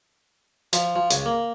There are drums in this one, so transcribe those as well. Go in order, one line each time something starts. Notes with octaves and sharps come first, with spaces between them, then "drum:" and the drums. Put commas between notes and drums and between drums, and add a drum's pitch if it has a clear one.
F3, drum: hi-hat
F3
C#2, drum: hi-hat
A#3